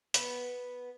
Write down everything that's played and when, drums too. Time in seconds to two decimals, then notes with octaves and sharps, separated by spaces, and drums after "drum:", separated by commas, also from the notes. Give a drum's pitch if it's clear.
0.14 B3, drum: hi-hat